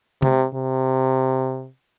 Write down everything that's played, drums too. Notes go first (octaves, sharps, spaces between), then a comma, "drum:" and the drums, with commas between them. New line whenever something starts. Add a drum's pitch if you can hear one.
C3, drum: tom C3
C3